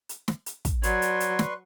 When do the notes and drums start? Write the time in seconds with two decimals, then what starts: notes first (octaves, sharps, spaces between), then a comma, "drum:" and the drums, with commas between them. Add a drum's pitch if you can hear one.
0.09 drum: hi-hat
0.28 drum: snare
0.46 drum: hi-hat
0.65 drum: kick, hi-hat
0.83 F#3 B4 D5 C6 C#6 G#6, drum: hi-hat
1.02 drum: hi-hat
1.20 drum: hi-hat
1.39 drum: snare